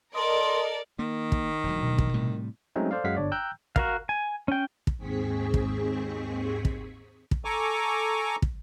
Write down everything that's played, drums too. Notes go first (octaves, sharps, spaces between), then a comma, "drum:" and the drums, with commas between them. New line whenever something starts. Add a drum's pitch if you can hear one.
A4 A#4 D5 D#5 C6
D#3 A#3
drum: kick
E1 D2 F#3
B2
drum: kick
A2 C3 G3
F#3 G#3 A3 C4 C#4 D#4
A4 C5 D5 F5
F#2 F#3 G#3 F5 F#5 B6
G1 D4 C#5 D5
G5 A#5 E6 F#6 G6
F#4 A#4 F5, drum: kick
G#5
C#4 G5
drum: kick
D#2 G#2 C4 G#4 C#6 B6
drum: kick
drum: kick
drum: kick
A4 G#5 A#5 C#6 D6
drum: kick